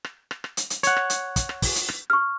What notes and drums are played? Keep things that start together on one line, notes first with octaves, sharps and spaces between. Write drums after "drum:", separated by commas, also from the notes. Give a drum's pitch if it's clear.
drum: rim click
drum: rim click
drum: rim click
drum: hi-hat
drum: hi-hat
C#5 F#5, drum: hi-hat
drum: rim click
drum: hi-hat
drum: kick, hi-hat
drum: rim click
drum: kick, open hi-hat
drum: hi-hat
drum: rim click
C#6 F6